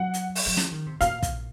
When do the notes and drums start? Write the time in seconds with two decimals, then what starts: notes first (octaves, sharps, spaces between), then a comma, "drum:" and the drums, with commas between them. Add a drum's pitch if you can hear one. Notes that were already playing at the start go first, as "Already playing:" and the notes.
Already playing: F#3 F#5
0.14 drum: hi-hat
0.35 drum: open hi-hat
0.46 F#3
0.57 F3, drum: snare
0.71 D#3
0.86 C3
1.01 A#2 F5, drum: hi-hat
1.23 drum: kick, hi-hat